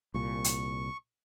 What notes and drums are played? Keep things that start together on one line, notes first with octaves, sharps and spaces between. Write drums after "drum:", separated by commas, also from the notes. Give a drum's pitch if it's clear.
C2 A#2 C#6
drum: hi-hat